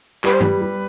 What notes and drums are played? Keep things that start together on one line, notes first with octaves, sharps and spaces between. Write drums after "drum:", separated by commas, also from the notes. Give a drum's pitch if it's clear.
G3 B4, drum: clap
C5
G3 B4, drum: tom G2
G3